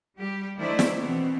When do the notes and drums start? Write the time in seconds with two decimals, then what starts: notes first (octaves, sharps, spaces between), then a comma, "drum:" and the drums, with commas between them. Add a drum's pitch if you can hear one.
0.17 G3 G4
0.58 D#3 A3 D4 E4 C5 D5
0.79 drum: snare
0.99 B2 E3 B3 C4